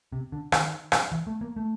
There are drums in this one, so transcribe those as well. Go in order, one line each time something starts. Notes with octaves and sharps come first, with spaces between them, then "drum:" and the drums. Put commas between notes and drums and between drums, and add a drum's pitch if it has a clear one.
C3
D3
D#3, drum: rim click
drum: rim click
E3
A3
A#3
A3